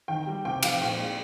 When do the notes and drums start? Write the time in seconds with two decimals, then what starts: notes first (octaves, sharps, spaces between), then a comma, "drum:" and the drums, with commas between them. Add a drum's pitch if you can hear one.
0.08 D#3 G5
0.27 G3
0.45 C3 G5
0.63 F3 F5, drum: cymbal
0.81 A#2 G5
1.00 G#3